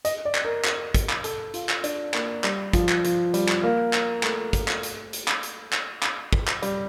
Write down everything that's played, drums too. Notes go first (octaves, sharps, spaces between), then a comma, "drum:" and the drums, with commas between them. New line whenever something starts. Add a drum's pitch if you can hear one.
D#5, drum: hi-hat
D5
drum: clap
A#4
drum: clap
drum: kick, hi-hat
drum: clap
A4, drum: hi-hat
F4, drum: hi-hat
drum: clap
D4, drum: hi-hat
A#3, drum: clap
G3, drum: clap
F3, drum: kick, hi-hat
drum: clap
F3, drum: hi-hat
G3, drum: hi-hat
drum: clap
A#3
drum: clap
A3, drum: clap
drum: kick, hi-hat
drum: clap
drum: hi-hat
drum: hi-hat
drum: clap
drum: hi-hat
drum: clap
drum: clap
drum: kick
drum: clap
G3, drum: hi-hat